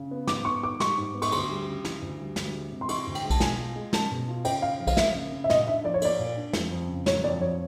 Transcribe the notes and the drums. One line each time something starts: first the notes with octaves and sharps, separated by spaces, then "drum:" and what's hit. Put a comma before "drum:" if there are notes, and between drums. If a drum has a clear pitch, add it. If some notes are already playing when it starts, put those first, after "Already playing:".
Already playing: C#3
B3
G#2 D6, drum: snare
B3 C#6
D#3 D6
G3 C#6, drum: snare
G#2
B3
C#6, drum: cymbal
D2 C6, drum: cymbal
G3
C#3
E3, drum: snare
D2
G3
D2, drum: snare
G#3
C3
C6
E3 C#6, drum: cymbal
D2
G5, drum: cymbal
G#3
A5, drum: kick B1, cymbal
B2 G#5, drum: snare
F4
G#3
C#4 A5, drum: snare
B2
F4
C#3 G5, drum: cymbal
C#3 F5
F3
F5, drum: kick B1, cymbal
A#3 E5, drum: snare
C#3
C#3
E5
A#2 D#5, drum: snare
D4 E5
F3 D5
C#5
A#3 D5, drum: cymbal
A#2
D4
F2, drum: snare
F2
C#3
F#3 C#5, drum: snare
F2 D5
F2 C#5